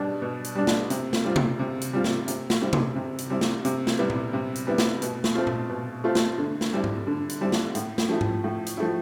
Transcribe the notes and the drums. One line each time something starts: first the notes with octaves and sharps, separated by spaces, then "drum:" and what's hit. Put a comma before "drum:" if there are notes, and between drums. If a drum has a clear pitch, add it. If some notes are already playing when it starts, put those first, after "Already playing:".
Already playing: B2 G3 D4
B2
drum: hi-hat
G3 D4
drum: snare
C3, drum: hi-hat
drum: snare
G3 C4 F4
drum: tom C3
C3
drum: hi-hat
G3 C4 F4
drum: snare
C3, drum: hi-hat
drum: snare
G3 C4 E4
drum: tom C3
C3
drum: hi-hat
G3 C4 E4
drum: snare
C3, drum: hi-hat
drum: snare
G3 B3 E4
drum: tom A#2
C3
drum: hi-hat
G3 B3 E4
drum: snare
B2, drum: hi-hat
drum: snare
A3 C4 F4
drum: tom A#2
B2
A3 C4 F4
drum: snare
D3
drum: snare
G3 C4 E4
drum: tom G#2
D3
drum: hi-hat
G3 C4 E4
drum: snare
A2, drum: hi-hat
drum: snare
F3 A3 E4
drum: tom G#2
A2
drum: hi-hat
F3 A3 E4